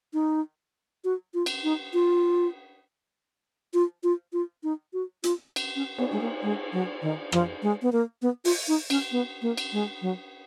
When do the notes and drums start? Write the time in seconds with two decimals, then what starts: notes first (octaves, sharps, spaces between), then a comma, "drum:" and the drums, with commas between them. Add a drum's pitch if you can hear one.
0.13 D#4
1.04 F#4
1.34 F4
1.46 drum: cymbal
1.64 D#4
1.93 F4
3.74 F4
4.03 F4
4.33 F4
4.63 D#4
4.93 F#4
5.24 F4, drum: hi-hat
5.56 drum: cymbal
5.76 C#4
5.98 B3, drum: cymbal
6.12 G#3
6.21 A#3
6.43 G#3
6.73 F#3
7.02 D#3
7.32 F3, drum: rim click
7.62 G#3
7.82 B3
7.92 A#3
8.22 B3
8.45 F4, drum: open hi-hat
8.68 D#4
8.90 C#4, drum: cymbal
9.12 B3
9.42 A#3
9.57 drum: cymbal
9.73 G#3
10.02 F#3